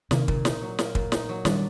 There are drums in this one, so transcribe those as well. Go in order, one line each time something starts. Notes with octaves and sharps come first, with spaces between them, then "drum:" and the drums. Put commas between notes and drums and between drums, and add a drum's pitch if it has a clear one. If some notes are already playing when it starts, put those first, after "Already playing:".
C3 D#3 A#3, drum: snare
A#2, drum: kick
D#4, drum: snare
F#3
A#3, drum: snare
A#2, drum: kick
D#4, drum: snare
F#3
D#3 G3 D4, drum: snare